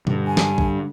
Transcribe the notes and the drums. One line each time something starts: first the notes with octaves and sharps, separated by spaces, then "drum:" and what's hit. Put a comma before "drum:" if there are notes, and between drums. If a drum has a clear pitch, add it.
G2 D3, drum: tom B2
G#5
drum: snare
D3, drum: kick B1